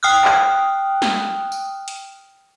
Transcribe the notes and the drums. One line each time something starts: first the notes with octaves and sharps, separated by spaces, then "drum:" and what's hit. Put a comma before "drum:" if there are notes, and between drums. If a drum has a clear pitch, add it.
G5 D#6 F6 F#6
drum: clap
drum: snare
drum: tambourine
drum: hi-hat